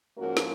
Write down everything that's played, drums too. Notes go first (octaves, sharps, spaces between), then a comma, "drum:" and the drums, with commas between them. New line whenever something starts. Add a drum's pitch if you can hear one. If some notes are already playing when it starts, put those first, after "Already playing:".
G#2 F3 A#3 C#4 F#4 A#4
drum: snare